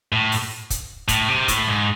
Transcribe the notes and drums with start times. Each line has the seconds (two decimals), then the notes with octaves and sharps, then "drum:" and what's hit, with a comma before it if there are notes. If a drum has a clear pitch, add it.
0.12 A2
0.32 drum: open hi-hat
0.70 drum: kick, hi-hat
1.08 A2, drum: kick, hi-hat
1.29 C3
1.48 A2, drum: kick, hi-hat
1.68 G#2